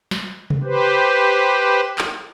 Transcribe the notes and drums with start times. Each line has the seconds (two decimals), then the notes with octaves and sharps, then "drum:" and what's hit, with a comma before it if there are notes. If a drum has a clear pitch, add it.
0.11 drum: snare
0.50 drum: tom C3
0.63 G4 B4 C5
1.98 drum: clap